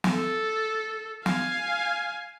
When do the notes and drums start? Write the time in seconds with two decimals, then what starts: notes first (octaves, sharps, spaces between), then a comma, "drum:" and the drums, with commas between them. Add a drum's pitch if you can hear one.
0.04 drum: snare
0.13 A4
1.26 F5 G#5, drum: snare